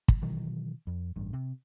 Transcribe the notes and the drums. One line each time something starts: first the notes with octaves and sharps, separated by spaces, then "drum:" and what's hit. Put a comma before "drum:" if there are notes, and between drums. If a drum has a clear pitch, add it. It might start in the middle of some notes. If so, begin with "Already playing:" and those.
drum: kick
B2 D#3 E3 F#3
F2
A1 G2
C3